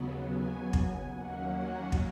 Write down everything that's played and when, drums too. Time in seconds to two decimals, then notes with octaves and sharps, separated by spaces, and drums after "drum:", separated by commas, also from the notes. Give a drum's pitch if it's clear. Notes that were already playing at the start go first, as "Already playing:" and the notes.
Already playing: D#2 C#3 F#3 B3
0.33 G#5
0.73 drum: kick
1.13 D#2 D#3 F#3 A#3 C#4 F#5
1.52 F#5
1.92 drum: kick